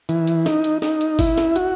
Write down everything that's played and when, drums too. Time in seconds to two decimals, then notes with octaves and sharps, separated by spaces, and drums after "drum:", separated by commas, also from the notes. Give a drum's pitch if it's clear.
0.09 E3, drum: hi-hat
0.27 drum: hi-hat
0.46 D#4, drum: snare
0.64 drum: hi-hat
0.82 D#4, drum: snare
1.01 drum: hi-hat
1.19 E4, drum: kick G1, open hi-hat
1.38 drum: snare
1.56 F#4, drum: hi-hat